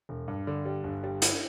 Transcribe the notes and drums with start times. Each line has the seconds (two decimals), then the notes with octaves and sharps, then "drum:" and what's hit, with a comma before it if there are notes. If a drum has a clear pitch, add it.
0.09 E1
0.28 G2
0.47 D3
0.65 G3
0.84 G1
1.04 G3
1.22 E4, drum: hi-hat